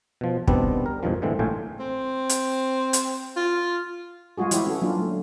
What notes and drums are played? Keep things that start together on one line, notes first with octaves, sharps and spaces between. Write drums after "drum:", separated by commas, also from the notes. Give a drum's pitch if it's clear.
B2 F3
B2 D#3 G3 B3 C4 D4, drum: kick
A#4
E2 G2 A#2 D#3 F3
A2 D3 E3 G#3 C4
A#1 A2 A3 F4 G5 G#5
C4
drum: hi-hat
drum: hi-hat
F4
G3 G#3 F4 F#4 G#4
E3 E4 F#4 G4 C#5, drum: hi-hat
C#4 F#4 A4
F#3 A#3 D4 F4
A3